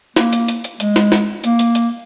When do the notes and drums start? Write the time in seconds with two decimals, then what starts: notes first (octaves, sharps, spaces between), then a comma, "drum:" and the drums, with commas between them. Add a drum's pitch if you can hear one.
0.16 A#3, drum: snare
0.33 drum: hi-hat
0.48 drum: hi-hat
0.64 drum: hi-hat
0.80 G#3, drum: hi-hat
0.96 drum: snare
1.12 drum: snare
1.44 A#3, drum: hi-hat
1.59 drum: hi-hat
1.75 drum: hi-hat